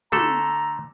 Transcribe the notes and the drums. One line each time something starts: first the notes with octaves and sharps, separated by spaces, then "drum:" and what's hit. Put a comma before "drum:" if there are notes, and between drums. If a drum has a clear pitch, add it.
D3 A3 A4 A#5, drum: tom